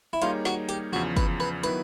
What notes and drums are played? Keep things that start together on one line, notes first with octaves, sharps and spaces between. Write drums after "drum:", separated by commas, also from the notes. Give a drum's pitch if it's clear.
E4
G3 A#3 D#4 F4 G#4 C#5, drum: hi-hat
F#4, drum: snare
G4, drum: hi-hat
E2 C#3 F3 F#4
B4, drum: kick, hi-hat
B4
D#3 F#3 B3 E4 B4, drum: hi-hat